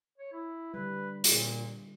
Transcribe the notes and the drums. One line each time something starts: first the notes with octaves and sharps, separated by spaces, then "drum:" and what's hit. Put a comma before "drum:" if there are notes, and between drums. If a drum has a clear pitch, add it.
C#5
E4
D3 G3 B4
A#2, drum: hi-hat